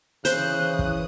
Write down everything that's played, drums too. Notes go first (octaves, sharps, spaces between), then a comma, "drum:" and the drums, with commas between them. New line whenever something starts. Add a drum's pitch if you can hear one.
C#3 E3 C5 D#6 F#6, drum: hi-hat
drum: kick